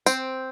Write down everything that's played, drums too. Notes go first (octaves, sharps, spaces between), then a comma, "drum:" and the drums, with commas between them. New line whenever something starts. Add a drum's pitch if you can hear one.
C4, drum: tambourine